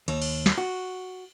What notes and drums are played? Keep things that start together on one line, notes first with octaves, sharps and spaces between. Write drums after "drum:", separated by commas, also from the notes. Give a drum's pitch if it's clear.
D#2, drum: cymbal
drum: cymbal
drum: snare
F#4